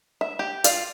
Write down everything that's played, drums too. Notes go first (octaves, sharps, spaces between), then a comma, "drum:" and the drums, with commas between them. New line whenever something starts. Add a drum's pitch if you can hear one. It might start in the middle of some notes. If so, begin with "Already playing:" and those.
E5
G4
F4 D5 F5, drum: hi-hat